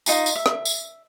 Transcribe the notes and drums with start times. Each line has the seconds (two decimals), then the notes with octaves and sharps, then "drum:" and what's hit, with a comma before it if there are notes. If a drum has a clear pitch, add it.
0.06 D#4 F4 A#5, drum: tambourine
0.26 drum: tambourine
0.35 E5
0.46 drum: rim click
0.65 drum: tambourine